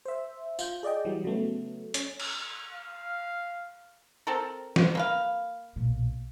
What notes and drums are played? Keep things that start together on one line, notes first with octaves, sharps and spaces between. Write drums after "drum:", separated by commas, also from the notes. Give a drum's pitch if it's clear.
C5 E5
F4 G6, drum: tambourine
G#4 D5 D#5 G5
E3 F#3 G3
C#3 F#3 A3 B3
C#4, drum: hi-hat
drum: cymbal
F5
C4 A4 A#4
drum: snare E3
A#3 B4 F5
B1 A#2